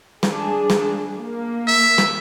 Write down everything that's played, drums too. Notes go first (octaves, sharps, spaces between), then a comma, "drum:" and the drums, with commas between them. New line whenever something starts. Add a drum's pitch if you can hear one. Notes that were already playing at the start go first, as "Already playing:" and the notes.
D4 G#4, drum: snare
drum: snare
A#3
E5
drum: snare